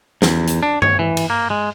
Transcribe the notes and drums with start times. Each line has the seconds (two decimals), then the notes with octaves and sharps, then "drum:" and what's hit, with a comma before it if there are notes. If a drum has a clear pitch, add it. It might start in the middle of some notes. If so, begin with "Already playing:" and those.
0.22 E2, drum: snare
0.47 drum: hi-hat
0.63 D4
0.82 C#5, drum: tom G2
0.99 E3
1.17 drum: cymbal
1.30 A#3
1.50 G#3